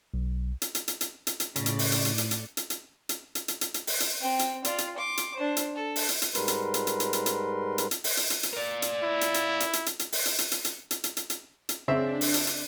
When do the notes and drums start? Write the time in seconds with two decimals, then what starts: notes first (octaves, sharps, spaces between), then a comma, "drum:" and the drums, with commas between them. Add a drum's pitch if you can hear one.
0.14 B1
0.62 drum: hi-hat
0.75 drum: hi-hat
0.88 drum: hi-hat
1.01 drum: hi-hat
1.27 drum: hi-hat
1.40 drum: hi-hat
1.56 A2 C#3 D5, drum: hi-hat
1.66 drum: hi-hat
1.79 drum: open hi-hat
1.92 drum: hi-hat
2.05 drum: hi-hat
2.18 drum: hi-hat
2.31 drum: hi-hat
2.57 drum: hi-hat
2.70 drum: hi-hat
3.09 drum: hi-hat
3.35 drum: hi-hat
3.48 drum: hi-hat
3.61 drum: hi-hat
3.74 drum: hi-hat
3.87 drum: open hi-hat
4.00 drum: hi-hat
4.20 C4 G5
4.39 drum: hi-hat
4.65 F4 D5, drum: hi-hat
4.78 drum: hi-hat
4.97 C6 D6
5.17 drum: hi-hat
5.35 D4 C5
5.57 drum: hi-hat
5.75 A4
5.96 drum: open hi-hat
6.09 drum: hi-hat
6.22 drum: hi-hat
6.35 G#2 G3 A#4 B4 C6, drum: hi-hat
6.48 drum: hi-hat
6.74 drum: hi-hat
6.87 drum: hi-hat
7.00 drum: hi-hat
7.13 drum: hi-hat
7.26 drum: hi-hat
7.78 drum: hi-hat
7.91 drum: hi-hat
8.04 drum: open hi-hat
8.17 drum: hi-hat
8.30 drum: hi-hat
8.43 drum: hi-hat
8.53 A#4 D5
8.82 drum: hi-hat
9.03 E4
9.21 drum: hi-hat
9.34 drum: hi-hat
9.60 drum: hi-hat
9.73 drum: hi-hat
9.86 drum: hi-hat
9.99 drum: hi-hat
10.12 drum: open hi-hat
10.25 drum: hi-hat
10.38 drum: hi-hat
10.52 drum: hi-hat
10.65 drum: hi-hat
10.91 drum: hi-hat
11.04 drum: hi-hat
11.17 drum: hi-hat
11.30 drum: hi-hat
11.69 drum: hi-hat
11.88 C#3 C4 D4 E5
12.21 drum: open hi-hat
12.34 drum: hi-hat
12.47 drum: hi-hat